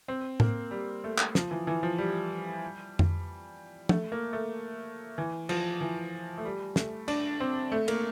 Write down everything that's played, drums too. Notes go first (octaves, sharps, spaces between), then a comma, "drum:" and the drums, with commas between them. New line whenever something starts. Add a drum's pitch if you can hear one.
C4
A#3, drum: tom A2
G3
A3
drum: clap
F3, drum: snare
E3
E3
F3
G3
drum: tom F2
A3, drum: tom
A#3
A3
E3
F3, drum: cymbal
E3
A3
G3
A3, drum: snare
D4, drum: cymbal
C4
A3
A#3, drum: cymbal